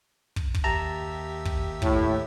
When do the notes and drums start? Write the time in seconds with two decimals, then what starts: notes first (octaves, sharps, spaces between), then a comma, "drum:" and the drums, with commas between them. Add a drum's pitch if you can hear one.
0.36 drum: kick
0.54 drum: kick
0.64 D#2 G4 E5 A5 A#5
1.45 drum: kick
1.82 A2, drum: kick